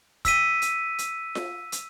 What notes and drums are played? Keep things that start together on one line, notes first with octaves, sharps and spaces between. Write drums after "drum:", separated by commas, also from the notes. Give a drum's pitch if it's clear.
E6 B6 D#7, drum: kick, hi-hat
drum: hi-hat
drum: hi-hat
drum: snare F4
drum: hi-hat